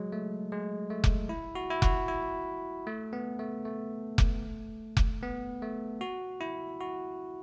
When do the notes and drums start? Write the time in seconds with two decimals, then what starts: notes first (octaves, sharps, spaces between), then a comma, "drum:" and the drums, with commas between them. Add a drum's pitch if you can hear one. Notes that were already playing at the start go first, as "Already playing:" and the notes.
Already playing: F#3 G#3
0.12 A3
0.52 G#3
0.90 A3
1.04 drum: kick F1
1.29 E4
1.55 F#4
1.70 E4
1.82 F#4, drum: kick F1
2.08 E4
2.87 A3
3.13 B3
3.39 A3
3.65 A3
4.18 drum: kick F1
4.97 drum: kick F1
5.23 B3
5.62 A3
6.01 F#4
6.41 E4
6.81 F#4